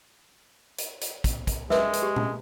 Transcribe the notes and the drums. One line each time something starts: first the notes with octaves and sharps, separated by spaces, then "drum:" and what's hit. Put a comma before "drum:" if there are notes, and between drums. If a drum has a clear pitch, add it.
drum: hi-hat
drum: hi-hat
drum: kick, hi-hat
drum: kick, hi-hat
G#3 A#4 B4 E5, drum: snare
drum: hi-hat
G4 C6
drum: tom A#2